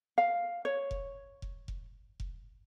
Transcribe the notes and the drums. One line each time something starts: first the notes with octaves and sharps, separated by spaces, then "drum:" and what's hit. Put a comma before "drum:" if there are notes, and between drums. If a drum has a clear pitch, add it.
F5
C#5
drum: kick F1
drum: kick F1
drum: kick F1
drum: kick F1